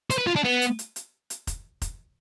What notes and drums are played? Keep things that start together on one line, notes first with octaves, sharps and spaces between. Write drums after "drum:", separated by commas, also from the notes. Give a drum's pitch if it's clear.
C5, drum: hi-hat
B4
F4
D4
B3
drum: hi-hat
drum: hi-hat
drum: hi-hat
drum: hi-hat
drum: kick F1, hi-hat
drum: kick F1, hi-hat